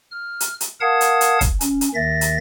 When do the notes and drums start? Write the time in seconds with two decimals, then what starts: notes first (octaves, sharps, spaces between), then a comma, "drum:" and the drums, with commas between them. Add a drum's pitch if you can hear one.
0.11 F6
0.40 drum: hi-hat
0.61 drum: hi-hat
0.81 A#4 F5 F#5 A5 D#6 G#6
1.01 drum: hi-hat
1.21 drum: hi-hat
1.41 drum: kick, hi-hat
1.61 C#4, drum: hi-hat
1.81 drum: hi-hat
1.95 D#2 D#3 E5 A6 A#6
2.21 drum: hi-hat